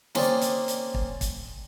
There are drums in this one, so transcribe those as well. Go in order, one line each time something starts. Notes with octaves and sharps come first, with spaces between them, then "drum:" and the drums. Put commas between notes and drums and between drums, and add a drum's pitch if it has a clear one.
A#3 C4 C#4 G#4 C5 D5, drum: snare
drum: hi-hat
drum: hi-hat
drum: kick
drum: kick, hi-hat